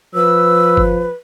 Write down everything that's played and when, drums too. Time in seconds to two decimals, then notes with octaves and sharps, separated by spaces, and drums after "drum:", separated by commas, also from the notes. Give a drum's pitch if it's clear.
0.14 F3 B4 E6
0.77 drum: kick G1